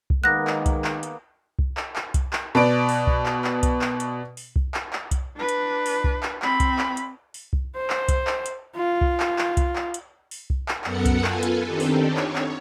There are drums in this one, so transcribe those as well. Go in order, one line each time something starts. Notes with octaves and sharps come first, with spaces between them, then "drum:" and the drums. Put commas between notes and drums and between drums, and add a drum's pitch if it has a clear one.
drum: kick C2
D#3 G#3 A#3 B3 F#6 A#6
drum: clap
drum: kick C2, hi-hat
drum: clap
drum: hi-hat
drum: kick C2
drum: clap
drum: clap
drum: kick C2, hi-hat
drum: clap
B2 B4 D5 D7
drum: open hi-hat
drum: kick C2
drum: clap
drum: clap
drum: kick C2, hi-hat
drum: clap
drum: hi-hat
drum: open hi-hat
drum: kick C2
drum: clap
drum: clap
drum: kick C2, hi-hat
D4 B4
drum: hi-hat
drum: open hi-hat
drum: kick C2
drum: clap
C4 B5, drum: clap
drum: kick C2, hi-hat
drum: clap
drum: hi-hat
drum: open hi-hat
drum: kick C2
C5
drum: clap
drum: kick C2, hi-hat
drum: clap
drum: hi-hat
F4
drum: kick C2
drum: clap
drum: clap
drum: kick C2, hi-hat
drum: clap
drum: hi-hat
drum: open hi-hat
drum: kick C2
drum: clap
F#2 B3 A4 A#4 F#5 C#7, drum: clap
drum: kick C2, hi-hat
F4 A4 B4 G#5, drum: clap
drum: hi-hat
D#3 C4 D4 D#4 G4 A4
drum: open hi-hat
C#5
drum: clap
drum: clap